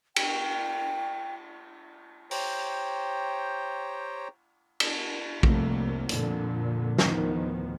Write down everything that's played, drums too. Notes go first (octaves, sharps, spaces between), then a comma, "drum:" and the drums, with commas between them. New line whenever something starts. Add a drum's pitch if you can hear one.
G5, drum: cymbal
G4 C5 C#5 G5 A#5, drum: open hi-hat
drum: cymbal
F1 C2 C3 A3 A#3, drum: kick
F2 A#2 D3, drum: hi-hat
D2 A2 D#3 F3 B3, drum: snare